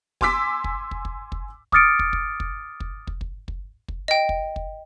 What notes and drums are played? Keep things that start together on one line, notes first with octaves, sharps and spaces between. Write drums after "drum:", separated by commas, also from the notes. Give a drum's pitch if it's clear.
G#5 C6 D6 E6 B6, drum: kick
drum: kick
drum: kick
drum: kick
drum: kick
D6 D#6 F6 A6 C#7 D7, drum: kick
drum: kick
drum: kick
drum: kick
drum: kick
drum: kick
drum: kick
drum: kick
drum: kick
D#5 G5
drum: kick
drum: kick